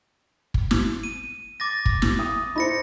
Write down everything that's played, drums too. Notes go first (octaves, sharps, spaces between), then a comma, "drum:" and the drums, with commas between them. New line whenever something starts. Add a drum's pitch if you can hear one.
drum: kick
drum: snare
D#7
D6 A6 A#6
drum: kick
drum: snare
D#6
D#4 E4 C5 B5 A#6 C#7